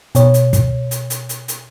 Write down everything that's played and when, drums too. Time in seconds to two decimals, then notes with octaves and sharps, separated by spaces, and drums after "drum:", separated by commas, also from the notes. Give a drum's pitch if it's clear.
0.15 B2 C#5, drum: hi-hat
0.34 drum: hi-hat
0.53 drum: kick, hi-hat
0.91 drum: hi-hat
1.10 drum: hi-hat
1.29 drum: hi-hat
1.48 drum: hi-hat